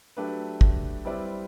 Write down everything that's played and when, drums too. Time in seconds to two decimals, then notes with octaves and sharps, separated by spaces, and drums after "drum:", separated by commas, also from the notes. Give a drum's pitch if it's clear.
0.17 F#3 A3 D4 G4 B4
0.61 drum: kick
1.05 G3 C4 E4 B4 D5